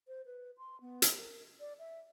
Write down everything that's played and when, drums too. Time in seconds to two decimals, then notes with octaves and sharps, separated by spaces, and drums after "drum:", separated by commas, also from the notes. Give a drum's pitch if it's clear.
0.08 C5
0.26 B4
0.58 C6
0.81 B3
1.02 drum: hi-hat
1.15 A#4
1.60 D5
1.79 E5